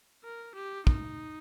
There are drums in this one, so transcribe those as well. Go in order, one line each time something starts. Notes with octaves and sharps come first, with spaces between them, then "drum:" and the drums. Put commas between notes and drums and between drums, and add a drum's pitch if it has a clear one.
A#4
G4
D#4, drum: kick